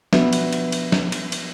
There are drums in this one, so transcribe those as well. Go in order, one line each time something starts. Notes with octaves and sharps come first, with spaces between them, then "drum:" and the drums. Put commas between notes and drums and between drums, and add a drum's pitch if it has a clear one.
F3 B3 D4 F#4 B4 E5, drum: snare
drum: cymbal
drum: cymbal
drum: cymbal
drum: snare
drum: cymbal
drum: cymbal